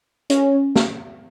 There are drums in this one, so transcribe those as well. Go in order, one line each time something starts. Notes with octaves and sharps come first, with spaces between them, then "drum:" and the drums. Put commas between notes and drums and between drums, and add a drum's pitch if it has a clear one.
C#4, drum: hi-hat
drum: snare